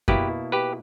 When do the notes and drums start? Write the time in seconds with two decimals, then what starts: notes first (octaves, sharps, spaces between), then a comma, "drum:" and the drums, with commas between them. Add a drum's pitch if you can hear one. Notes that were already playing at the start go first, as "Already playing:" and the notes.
0.08 B2 A#3 E4 G4 B4, drum: kick F#2
0.52 G4 B4